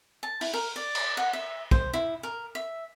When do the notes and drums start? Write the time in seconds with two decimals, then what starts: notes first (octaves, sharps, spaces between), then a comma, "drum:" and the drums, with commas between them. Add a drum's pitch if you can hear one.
0.23 A5
0.41 E4, drum: open hi-hat
0.54 A#4
0.76 D5
0.95 drum: cymbal
1.17 F#5
1.33 E5
1.71 C5, drum: kick
1.93 E4
2.23 A#4
2.55 E5